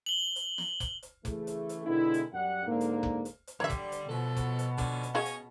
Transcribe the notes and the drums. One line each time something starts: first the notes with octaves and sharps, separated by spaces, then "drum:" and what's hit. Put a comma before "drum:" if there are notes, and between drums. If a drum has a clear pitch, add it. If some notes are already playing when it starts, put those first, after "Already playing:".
F#7 G7
drum: hi-hat
drum: snare
drum: kick F1, hi-hat
drum: hi-hat
C#3 E3 A3, drum: kick F1, hi-hat
drum: hi-hat
drum: hi-hat
B2 D3 D#3 G#3 B3 E4
drum: hi-hat
F#2 G3 F#5
G#2 D3 A#3
drum: hi-hat
drum: kick F1
drum: hi-hat
drum: hi-hat
D3 G3 C#5 E5
drum: kick F1, hi-hat
drum: hi-hat
B2 F3 F#3 A4
drum: kick F1, hi-hat
drum: hi-hat
D3 F3 C#4, drum: kick F1, hi-hat
drum: hi-hat
C#4 F#4 G#4 D#5 F5
drum: hi-hat